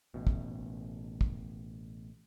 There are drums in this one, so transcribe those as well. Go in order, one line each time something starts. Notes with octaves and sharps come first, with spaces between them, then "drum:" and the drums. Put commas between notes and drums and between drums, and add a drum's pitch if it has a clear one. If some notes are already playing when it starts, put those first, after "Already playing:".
A1 B2
drum: kick
drum: kick